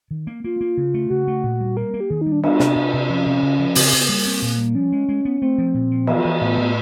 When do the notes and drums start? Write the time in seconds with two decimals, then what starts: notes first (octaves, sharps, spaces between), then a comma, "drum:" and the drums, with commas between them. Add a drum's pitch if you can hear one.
0.11 D#3
0.27 A#3
0.44 A#3 F4
0.61 A#3
0.77 C#3
0.94 A3
1.10 C#3 F#4
1.27 A3
1.44 A#2
1.61 G3
1.77 A#3 A#4
1.94 A#3
2.00 G4
2.10 D#3 G#4
2.21 G3 D#4
2.32 D4
2.43 B3 D4, drum: cymbal
2.60 C3, drum: snare
2.76 C3
2.93 C3
3.10 F3 C#4
3.26 C3
3.43 C#3
3.59 F3
3.75 C#3 C4, drum: open hi-hat
3.93 C#3
4.00 B3
4.09 G3 A#3
4.26 C4
4.42 A#2
4.58 G3
4.75 F3 C#4
4.92 G#3
5.09 G#3
5.25 B3
5.42 A3 C4
5.58 F3
5.74 A#2
5.92 F3
6.07 E3 B3, drum: cymbal
6.25 E3
6.41 A2 B3
6.57 A2